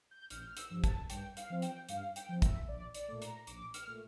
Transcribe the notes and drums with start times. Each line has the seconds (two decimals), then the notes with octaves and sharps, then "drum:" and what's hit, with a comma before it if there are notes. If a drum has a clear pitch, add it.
0.11 G6
0.30 A1 F6, drum: hi-hat
0.39 G6
0.47 F6
0.57 E6, drum: hi-hat
0.70 G2 F3
0.84 A5, drum: kick, hi-hat
1.10 G2 G5, drum: hi-hat
1.37 F5, drum: hi-hat
1.50 F3 C4
1.62 G5, drum: hi-hat
1.89 G2 F5, drum: hi-hat
2.16 G5, drum: hi-hat
2.29 F3 C4
2.42 E5, drum: kick, hi-hat
2.68 A#1 D5
2.95 D5, drum: hi-hat
3.08 A#2 A3
3.22 A#5, drum: hi-hat
3.47 A#1 D6, drum: hi-hat
3.74 F6, drum: hi-hat
3.87 A#2 A3